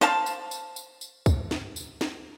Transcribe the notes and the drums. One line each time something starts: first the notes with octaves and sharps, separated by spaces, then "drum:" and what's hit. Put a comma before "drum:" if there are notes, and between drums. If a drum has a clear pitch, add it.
C5 F5 A5, drum: snare
drum: tambourine
drum: tambourine
drum: tambourine
drum: tambourine
drum: kick, tambourine
drum: snare
drum: tambourine
drum: snare